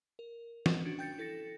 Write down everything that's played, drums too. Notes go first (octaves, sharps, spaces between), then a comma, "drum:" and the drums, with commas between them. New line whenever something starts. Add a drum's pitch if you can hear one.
A#4
drum: snare
C#4 D4 F#4
G5 G6 A6 C#7
E4 A4 A6 A#6 C#7